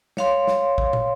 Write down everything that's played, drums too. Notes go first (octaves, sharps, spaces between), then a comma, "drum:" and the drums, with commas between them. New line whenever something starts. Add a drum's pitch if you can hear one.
C#5 F5 C6, drum: snare
drum: snare
drum: kick
drum: tom